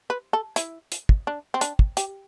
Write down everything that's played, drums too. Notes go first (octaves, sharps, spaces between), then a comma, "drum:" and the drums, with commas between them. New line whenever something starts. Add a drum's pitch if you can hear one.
B4
A4
E4, drum: hi-hat
drum: hi-hat
drum: kick
D4
C4
D4, drum: hi-hat
drum: kick
G4, drum: hi-hat